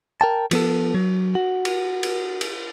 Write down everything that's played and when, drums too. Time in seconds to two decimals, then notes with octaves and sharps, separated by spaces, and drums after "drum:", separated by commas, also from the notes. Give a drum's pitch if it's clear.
0.21 A#4 G5 A5
0.51 F3 B3 A4, drum: cymbal
0.95 F#3
1.35 F#4
1.65 drum: cymbal
2.03 drum: cymbal
2.41 drum: cymbal